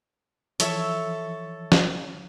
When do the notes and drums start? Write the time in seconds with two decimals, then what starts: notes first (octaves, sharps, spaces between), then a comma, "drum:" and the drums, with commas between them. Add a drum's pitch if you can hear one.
0.60 E3 F3 A4 C#5 E5 E6, drum: hi-hat
1.72 drum: snare